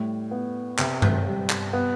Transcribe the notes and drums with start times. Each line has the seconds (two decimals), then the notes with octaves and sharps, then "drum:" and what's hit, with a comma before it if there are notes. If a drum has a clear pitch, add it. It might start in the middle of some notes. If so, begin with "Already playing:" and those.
Already playing: A2 G3
0.31 B3
0.79 C3, drum: clap
1.02 drum: tom G2
1.27 G3
1.50 drum: clap
1.73 B3